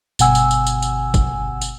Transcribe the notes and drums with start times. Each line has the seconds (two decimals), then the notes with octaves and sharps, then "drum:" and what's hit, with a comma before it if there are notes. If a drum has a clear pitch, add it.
0.19 G1 B2 F#5 G#5 E6, drum: tambourine
0.35 drum: tambourine
0.51 drum: tambourine
0.67 drum: tambourine
0.82 drum: tambourine
1.14 drum: kick, tambourine
1.61 drum: tambourine